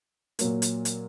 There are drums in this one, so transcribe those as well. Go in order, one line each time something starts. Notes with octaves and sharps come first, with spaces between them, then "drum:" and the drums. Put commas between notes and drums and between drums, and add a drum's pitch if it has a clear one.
A#2 F#3 A#3, drum: hi-hat
drum: hi-hat
drum: hi-hat